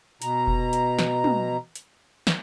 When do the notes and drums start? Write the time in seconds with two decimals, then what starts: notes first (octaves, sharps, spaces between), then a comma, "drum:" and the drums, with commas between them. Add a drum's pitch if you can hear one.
0.22 B2 A#5, drum: hi-hat
0.47 drum: kick F1
0.73 drum: hi-hat
0.99 drum: snare
1.24 drum: tom
1.75 drum: hi-hat
2.27 drum: snare